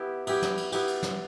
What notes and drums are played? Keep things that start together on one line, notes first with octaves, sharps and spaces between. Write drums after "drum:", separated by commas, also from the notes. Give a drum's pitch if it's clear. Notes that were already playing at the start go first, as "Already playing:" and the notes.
Already playing: B3 E4 G4
B3 E4 G4, drum: cymbal
drum: snare
drum: cymbal
B3 E4 G4, drum: cymbal
drum: cymbal
drum: snare